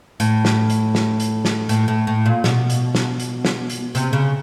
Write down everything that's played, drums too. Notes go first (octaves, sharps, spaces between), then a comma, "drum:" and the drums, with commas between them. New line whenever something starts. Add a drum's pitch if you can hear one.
A2, drum: hi-hat
drum: snare
drum: hi-hat
drum: snare
drum: hi-hat
drum: snare
A2, drum: hi-hat
A2
A2
A#2
B2, drum: snare
drum: hi-hat
drum: snare
drum: hi-hat
drum: snare
drum: hi-hat
C3, drum: hi-hat
C#3